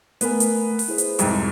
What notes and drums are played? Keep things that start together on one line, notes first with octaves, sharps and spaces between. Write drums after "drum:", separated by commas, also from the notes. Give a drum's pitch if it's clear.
A3 B3 A#4 G#5, drum: hi-hat
drum: hi-hat
drum: open hi-hat
E4 G#4 C5
drum: hi-hat
C2 F2 G#2, drum: hi-hat